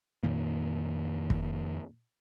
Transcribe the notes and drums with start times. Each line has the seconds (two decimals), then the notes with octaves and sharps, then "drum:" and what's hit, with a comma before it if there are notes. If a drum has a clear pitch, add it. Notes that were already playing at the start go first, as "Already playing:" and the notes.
0.23 F2 A#2 D#3 A#3
1.30 drum: kick